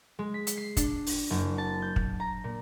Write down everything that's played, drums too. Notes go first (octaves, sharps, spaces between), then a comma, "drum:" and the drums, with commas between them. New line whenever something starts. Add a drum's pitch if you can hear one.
G#3
B6
drum: hi-hat
C7
D4, drum: kick, hi-hat
drum: open hi-hat
F#1
A5
G6
drum: kick
A#5
A#2